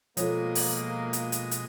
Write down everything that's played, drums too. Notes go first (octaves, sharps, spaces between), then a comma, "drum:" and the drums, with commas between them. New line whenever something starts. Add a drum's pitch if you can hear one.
B2 F3 G#3 A#3 F4 A4 C#5 D#5, drum: hi-hat
drum: open hi-hat
drum: hi-hat
drum: hi-hat
drum: hi-hat